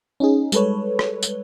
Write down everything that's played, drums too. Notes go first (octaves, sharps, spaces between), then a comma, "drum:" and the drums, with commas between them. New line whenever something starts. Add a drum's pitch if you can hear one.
C#4 D#4 G#4
G3 G#3 A4 B4 C#5, drum: tambourine
drum: rim click
drum: tambourine